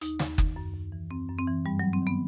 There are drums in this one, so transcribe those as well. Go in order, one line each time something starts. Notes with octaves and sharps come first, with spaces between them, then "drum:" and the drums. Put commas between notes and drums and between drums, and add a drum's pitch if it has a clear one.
D#2 D#4, drum: hi-hat
D#2, drum: snare
D#3, drum: kick F#1
F#2
F#2
E3
F#2 C4
F#2
C4
E3
G2 G3
F#3
G2
C4
D#3 B3